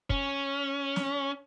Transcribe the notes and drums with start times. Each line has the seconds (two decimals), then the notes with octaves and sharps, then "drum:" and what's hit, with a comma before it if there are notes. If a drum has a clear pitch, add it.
0.10 C#4, drum: kick
0.96 drum: snare